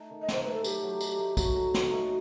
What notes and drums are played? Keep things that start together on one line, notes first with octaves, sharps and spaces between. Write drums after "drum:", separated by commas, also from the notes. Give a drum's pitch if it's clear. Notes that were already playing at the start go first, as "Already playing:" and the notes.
Already playing: A3 D#4
D#3
D#5
D#4 C5, drum: snare
A3 B4
A4
F#3 G4, drum: tambourine
F#3
D#4, drum: tambourine
A3
F#3 F#4, drum: kick, tambourine
F#3
D#4, drum: snare
A3